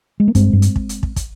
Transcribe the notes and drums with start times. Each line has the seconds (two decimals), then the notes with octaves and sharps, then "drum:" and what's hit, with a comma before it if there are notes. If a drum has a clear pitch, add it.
0.20 G#3
0.28 A#3
0.35 G2 G#3 C4, drum: kick, hi-hat
0.53 G2
0.62 drum: hi-hat
0.76 drum: kick
0.89 drum: hi-hat
1.03 drum: kick
1.16 drum: kick, hi-hat